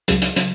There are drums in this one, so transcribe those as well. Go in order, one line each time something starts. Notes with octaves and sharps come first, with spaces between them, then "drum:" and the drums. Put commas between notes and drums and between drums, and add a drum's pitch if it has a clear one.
C#2 C#3 F#3, drum: hi-hat
drum: hi-hat
C#3 F#3, drum: hi-hat